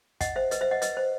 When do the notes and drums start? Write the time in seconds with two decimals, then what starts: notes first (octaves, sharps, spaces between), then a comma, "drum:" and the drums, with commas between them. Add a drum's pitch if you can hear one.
0.21 D#5 F#5, drum: kick, hi-hat
0.36 C5 E5
0.51 B4 D#5, drum: hi-hat
0.61 C5 E5
0.71 D#5 F#5
0.82 B4 D#5, drum: hi-hat
0.97 C5